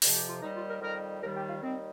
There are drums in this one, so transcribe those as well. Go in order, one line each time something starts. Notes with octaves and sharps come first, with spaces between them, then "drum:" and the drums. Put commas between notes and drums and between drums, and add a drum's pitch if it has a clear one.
F2 C3 F3, drum: open hi-hat
G4
F4
D#2 D#3 G3 D#4
F4
A#4
F2 D#3 G3 A#4
D#2 D#3 G3 A#4
G4
F4
D#2 D#3 G3 C4